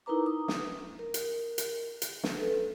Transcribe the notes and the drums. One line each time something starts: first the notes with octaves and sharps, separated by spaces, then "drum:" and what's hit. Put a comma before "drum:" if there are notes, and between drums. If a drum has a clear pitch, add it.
D#4 E4 A#4 B4 A#5 D6
D#6
drum: snare
A#4
drum: hi-hat
drum: hi-hat
drum: hi-hat
drum: snare
A4 B4